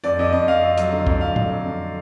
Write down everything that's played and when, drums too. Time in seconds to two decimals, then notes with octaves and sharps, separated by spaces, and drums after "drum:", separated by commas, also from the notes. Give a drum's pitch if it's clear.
0.04 F2 D5
0.19 F2 D#5
0.32 F2 D#5
0.47 F2 F5
0.63 F2
0.77 F#3, drum: hi-hat
0.93 D3
1.07 F2, drum: kick
1.21 F2 F5
1.36 F#3, drum: tom A2
1.51 F2
1.66 F2